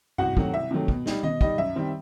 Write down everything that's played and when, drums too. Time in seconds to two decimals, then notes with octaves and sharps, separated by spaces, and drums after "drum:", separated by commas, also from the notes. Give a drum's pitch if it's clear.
0.18 C2 F#4 F#5, drum: tom G2
0.37 C3 D#3 F#3 A3, drum: kick
0.53 C2 E5
0.71 C3 D#3 F#3 A3
0.88 B2, drum: kick
1.06 G3 D#4, drum: snare
1.23 B2 D#5, drum: tom D#3
1.41 G3 D#4 D#5, drum: kick
1.58 F#2 E5
1.76 D#3 G3 C4